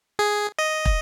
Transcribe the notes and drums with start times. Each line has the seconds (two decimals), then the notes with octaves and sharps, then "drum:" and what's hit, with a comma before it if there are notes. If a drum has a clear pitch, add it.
0.19 G#4
0.59 D#5
0.85 drum: kick